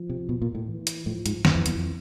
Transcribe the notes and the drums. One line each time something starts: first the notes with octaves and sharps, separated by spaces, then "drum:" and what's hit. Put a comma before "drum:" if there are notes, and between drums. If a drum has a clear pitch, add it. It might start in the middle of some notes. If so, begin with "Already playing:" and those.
Already playing: F3
C3
B2
A#2
A2
E3
drum: hi-hat
A2 F3
G#2, drum: hi-hat
F#2 E3, drum: snare
F2
E2, drum: hi-hat
F2